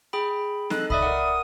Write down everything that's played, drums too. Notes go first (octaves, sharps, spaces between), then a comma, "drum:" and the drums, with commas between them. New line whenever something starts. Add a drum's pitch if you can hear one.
G#4 G5 B5
D#4 A4 D#5 F#6, drum: snare C4
D5 E5 B5 D#6, drum: kick C2
A#4 F#5